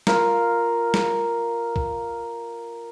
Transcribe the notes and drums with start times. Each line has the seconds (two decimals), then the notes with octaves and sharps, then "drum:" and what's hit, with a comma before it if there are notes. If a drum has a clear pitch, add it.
0.07 F4 A#4, drum: snare
0.94 drum: snare
1.76 drum: kick A#1